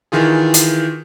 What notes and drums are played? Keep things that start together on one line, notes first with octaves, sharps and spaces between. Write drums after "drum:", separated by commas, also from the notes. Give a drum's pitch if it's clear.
D#3 E3 F4 G#4
drum: hi-hat